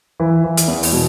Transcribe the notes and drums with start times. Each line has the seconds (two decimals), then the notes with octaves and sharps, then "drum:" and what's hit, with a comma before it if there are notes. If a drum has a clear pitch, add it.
0.20 E3
0.44 E3
0.57 drum: hi-hat
0.68 E2
0.83 drum: open hi-hat
0.93 B2